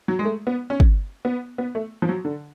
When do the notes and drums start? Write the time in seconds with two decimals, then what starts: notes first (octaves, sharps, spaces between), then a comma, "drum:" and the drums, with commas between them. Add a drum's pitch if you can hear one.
0.08 F#3
0.19 G#3
0.25 A3
0.47 B3
0.70 C#4
0.80 drum: kick
1.25 B3
1.58 B3
1.75 A3
2.02 F3
2.09 F#3
2.25 D3